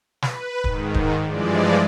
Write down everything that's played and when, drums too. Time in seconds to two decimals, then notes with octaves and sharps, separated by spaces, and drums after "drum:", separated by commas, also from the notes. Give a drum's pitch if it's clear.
0.22 B4, drum: snare
0.64 G#2 D#3, drum: kick
0.94 drum: kick
1.25 G2 E3 F3 G#3 D5